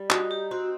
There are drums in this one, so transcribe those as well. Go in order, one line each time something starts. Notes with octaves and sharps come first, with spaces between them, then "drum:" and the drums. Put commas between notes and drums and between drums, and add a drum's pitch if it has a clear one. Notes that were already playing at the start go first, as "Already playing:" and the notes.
Already playing: G3
D#4 F#4, drum: clap
G4
C4 F#4